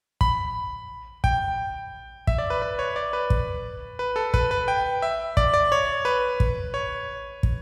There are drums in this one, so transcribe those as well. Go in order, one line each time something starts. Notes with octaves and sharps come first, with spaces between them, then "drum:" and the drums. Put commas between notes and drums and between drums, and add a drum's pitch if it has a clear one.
B5, drum: kick
G5, drum: kick
E5, drum: kick
D5
B4
B4
C#5
D5
B4
drum: kick
B4
A4
B4, drum: kick
B4
G5
E5
D5, drum: kick
D5
C#5
B4
drum: kick
C#5
drum: kick